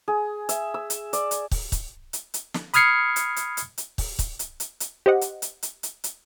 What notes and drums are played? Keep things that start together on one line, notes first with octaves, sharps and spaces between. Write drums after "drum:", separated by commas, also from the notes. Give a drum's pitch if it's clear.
G#4
E5, drum: hi-hat
E6
drum: hi-hat
D5, drum: hi-hat
drum: hi-hat
drum: kick, open hi-hat
drum: kick, hi-hat
drum: hi-hat
drum: hi-hat
drum: snare
B5 D#6 F6 G#6 C7 C#7, drum: hi-hat
drum: hi-hat
drum: hi-hat
drum: hi-hat
drum: hi-hat
drum: kick, open hi-hat
drum: kick, hi-hat
drum: hi-hat
drum: hi-hat
drum: hi-hat
G4 C5 D#5 F#5
drum: hi-hat
drum: hi-hat
drum: hi-hat
drum: hi-hat
drum: hi-hat